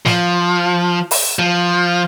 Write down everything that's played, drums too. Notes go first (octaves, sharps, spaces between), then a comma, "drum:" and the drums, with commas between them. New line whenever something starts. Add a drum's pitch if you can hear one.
F3, drum: snare
drum: open hi-hat
F3